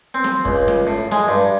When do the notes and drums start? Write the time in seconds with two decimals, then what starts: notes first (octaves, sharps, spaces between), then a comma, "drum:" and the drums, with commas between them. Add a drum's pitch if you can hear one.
0.14 C4
0.24 drum: snare
0.45 C#2, drum: kick
0.68 drum: snare
0.87 A2
1.11 G#3, drum: snare
1.28 G2